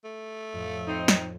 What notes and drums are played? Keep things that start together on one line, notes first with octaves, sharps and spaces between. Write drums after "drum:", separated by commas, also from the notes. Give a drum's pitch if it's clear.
A3
F2 A2
C4 D#4
drum: snare